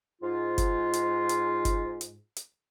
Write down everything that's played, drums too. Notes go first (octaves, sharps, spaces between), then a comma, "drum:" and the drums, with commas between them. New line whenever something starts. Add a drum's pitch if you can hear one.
G#2 F4
drum: kick F#1, hi-hat
drum: hi-hat
drum: hi-hat
drum: kick F#1, hi-hat
drum: hi-hat
drum: hi-hat